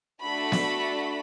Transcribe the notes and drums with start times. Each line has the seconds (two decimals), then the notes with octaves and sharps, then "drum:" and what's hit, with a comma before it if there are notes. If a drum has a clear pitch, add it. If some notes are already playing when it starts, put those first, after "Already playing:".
0.23 A3 D4 F#4 A4 B5
0.52 drum: snare B3